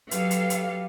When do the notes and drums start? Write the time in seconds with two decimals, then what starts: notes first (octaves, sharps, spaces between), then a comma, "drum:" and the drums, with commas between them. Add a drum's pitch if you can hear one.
0.11 F#3 G4 A4 B4 F5, drum: hi-hat
0.31 drum: hi-hat
0.50 drum: hi-hat